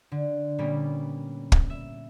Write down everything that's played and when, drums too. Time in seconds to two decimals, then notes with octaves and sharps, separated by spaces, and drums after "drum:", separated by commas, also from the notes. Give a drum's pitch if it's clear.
0.12 D3
0.58 A#2 G3 A#3 B3 C#4
1.52 drum: kick
1.70 E5